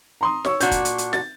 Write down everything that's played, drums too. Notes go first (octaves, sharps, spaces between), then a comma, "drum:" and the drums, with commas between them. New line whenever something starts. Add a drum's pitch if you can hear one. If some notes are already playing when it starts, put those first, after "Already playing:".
A#5 C6 D#6
C#5 C#6 E6, drum: snare
A#2 D4 F#4 G6, drum: hi-hat
drum: kick, hi-hat
drum: hi-hat
drum: hi-hat
A6, drum: snare